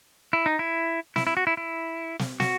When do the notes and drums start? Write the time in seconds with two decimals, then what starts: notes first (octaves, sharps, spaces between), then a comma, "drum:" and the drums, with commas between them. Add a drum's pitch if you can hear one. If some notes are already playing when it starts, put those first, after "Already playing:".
0.33 E4
0.46 D#4
0.59 E4
1.16 E4, drum: snare
1.27 E4
1.37 F#4
1.47 E4
1.57 E4
2.19 drum: snare
2.40 F#4, drum: snare